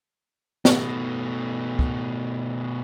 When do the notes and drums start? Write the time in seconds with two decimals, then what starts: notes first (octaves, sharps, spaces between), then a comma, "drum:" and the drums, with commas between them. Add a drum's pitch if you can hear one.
0.65 B2 A3, drum: snare
1.79 drum: kick